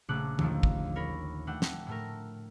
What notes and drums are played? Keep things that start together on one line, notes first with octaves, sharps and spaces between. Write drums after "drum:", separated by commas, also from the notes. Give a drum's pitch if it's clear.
A#1 C#3 A3 D6 F#6
D#2 D3 D#3 F3, drum: tom
drum: kick
A#4 C#5 B5
A3 D4 F#5 G5
drum: snare
A2 A3 A#4